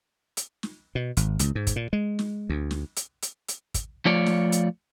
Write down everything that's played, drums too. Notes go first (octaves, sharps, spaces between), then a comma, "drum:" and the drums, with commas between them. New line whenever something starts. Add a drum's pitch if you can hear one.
drum: hi-hat
drum: snare
B2
G#1, drum: hi-hat
C#2, drum: hi-hat
G#2
drum: kick, hi-hat
A#2
G#3
drum: snare
D2
drum: snare
drum: hi-hat
drum: hi-hat
drum: hi-hat
drum: kick, hi-hat
F3 A3 F4 C#5 D5
drum: snare
drum: hi-hat